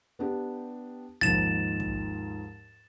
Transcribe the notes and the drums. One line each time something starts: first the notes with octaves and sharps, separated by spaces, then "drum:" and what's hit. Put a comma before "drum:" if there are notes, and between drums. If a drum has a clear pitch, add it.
B3 D4 G4
D#2 G#2 F3 A6 E7, drum: kick
drum: kick